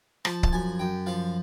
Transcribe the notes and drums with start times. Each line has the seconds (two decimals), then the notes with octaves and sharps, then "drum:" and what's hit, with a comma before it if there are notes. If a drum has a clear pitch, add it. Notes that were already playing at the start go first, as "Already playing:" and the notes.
0.25 F3 A5, drum: rim click
0.43 A5, drum: kick C#1
0.53 F#2 G#5
0.79 F#2 G5
1.06 F3 F5